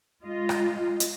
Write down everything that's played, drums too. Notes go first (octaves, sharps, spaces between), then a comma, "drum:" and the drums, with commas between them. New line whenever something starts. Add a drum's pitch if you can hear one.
G#3 F4 D#5
drum: rim click
drum: hi-hat